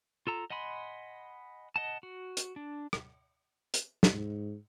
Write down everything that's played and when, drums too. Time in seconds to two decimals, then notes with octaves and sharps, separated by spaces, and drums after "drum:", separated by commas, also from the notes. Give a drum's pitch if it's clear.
0.27 F4 A4 A#5
0.50 D#5 F#5 G#5 B5 C6
1.76 D#5 F#5 A5
2.03 F#4
2.37 drum: hi-hat
2.56 D4
2.93 drum: rim click
3.74 drum: hi-hat
4.03 drum: snare
4.13 G#2